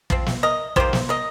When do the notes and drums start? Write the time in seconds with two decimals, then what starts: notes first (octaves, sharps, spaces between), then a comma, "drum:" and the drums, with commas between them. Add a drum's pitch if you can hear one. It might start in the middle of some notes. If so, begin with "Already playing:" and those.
0.10 F3 C4, drum: kick
0.26 drum: snare
0.43 A#4 D#5
0.76 D#3 A#3 G4 C5, drum: kick
0.93 drum: snare
1.09 A#4 D#5